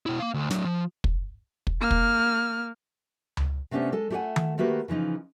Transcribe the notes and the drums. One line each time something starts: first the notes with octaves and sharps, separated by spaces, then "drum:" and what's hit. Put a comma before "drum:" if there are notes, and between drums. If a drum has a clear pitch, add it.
B2 E4
A#3 F5
D2
F#3 D4, drum: snare
F3
drum: kick
drum: kick
A#3 F6
drum: kick
drum: tom C#2
C3 A3 B3 C#4 D4 C5
G#3 A4
A3 F4 G4 C#5 F#5 G#5
drum: tom D#3
D#3 A3 A#3 F#4 G4 B4
C#3 E3 F3 D#4